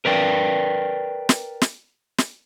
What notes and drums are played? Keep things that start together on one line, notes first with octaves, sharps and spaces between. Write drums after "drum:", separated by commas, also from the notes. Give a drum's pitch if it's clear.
A#4 B4 D5 G5
drum: snare
drum: snare
drum: snare